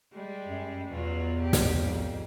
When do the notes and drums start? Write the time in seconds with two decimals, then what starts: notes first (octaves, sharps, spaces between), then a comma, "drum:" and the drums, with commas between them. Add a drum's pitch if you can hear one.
0.13 G3 G#3
0.48 F#2
0.91 E2 B2 F#3 F4
1.42 G4
1.53 drum: snare
1.77 F2 G#2